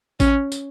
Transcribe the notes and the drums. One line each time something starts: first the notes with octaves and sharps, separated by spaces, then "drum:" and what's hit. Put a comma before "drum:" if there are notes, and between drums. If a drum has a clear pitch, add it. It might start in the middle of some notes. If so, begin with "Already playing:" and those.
C#4, drum: kick A1, tambourine
drum: tambourine